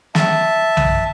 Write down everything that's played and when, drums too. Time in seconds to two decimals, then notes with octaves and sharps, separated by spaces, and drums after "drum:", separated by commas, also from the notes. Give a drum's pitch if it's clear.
0.15 E5 A5, drum: snare
0.77 drum: tom B1